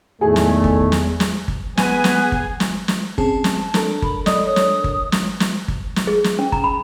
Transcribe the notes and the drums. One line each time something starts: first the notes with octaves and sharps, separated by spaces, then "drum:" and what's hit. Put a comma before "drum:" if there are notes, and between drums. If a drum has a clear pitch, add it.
E2 A2 D#3 A3 G#4
drum: snare
drum: kick G1
drum: snare
drum: snare
drum: kick G1
B3 G#4 B4 G#5, drum: snare
drum: snare
drum: kick G1
drum: snare
drum: snare
C4 C#4 G#4 A5, drum: kick G1
drum: snare
D4 A4 A#4, drum: snare
B5, drum: kick G1
D5 D#5 D#6, drum: snare
C#5 D#6
drum: snare
drum: kick G1
drum: snare
drum: snare
drum: kick G1
drum: snare
G#4
drum: snare
C#4
A#5, drum: kick G1
B5